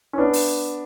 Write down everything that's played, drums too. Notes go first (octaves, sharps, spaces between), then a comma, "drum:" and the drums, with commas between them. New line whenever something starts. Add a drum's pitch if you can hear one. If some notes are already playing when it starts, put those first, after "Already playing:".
C#4
B3 D4
drum: open hi-hat